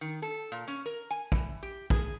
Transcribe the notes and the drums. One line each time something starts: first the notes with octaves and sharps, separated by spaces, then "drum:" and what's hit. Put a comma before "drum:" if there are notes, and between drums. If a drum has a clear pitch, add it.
D#3
A4
A#2
C#4
A#4
G#5
E3, drum: kick
G4
G#4, drum: kick